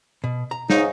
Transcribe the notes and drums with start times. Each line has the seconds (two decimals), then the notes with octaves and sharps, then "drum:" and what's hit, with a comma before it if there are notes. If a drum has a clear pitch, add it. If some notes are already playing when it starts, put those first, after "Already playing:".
0.24 B2
0.51 A#5
0.70 C#2 G#2 C#3 D#4, drum: snare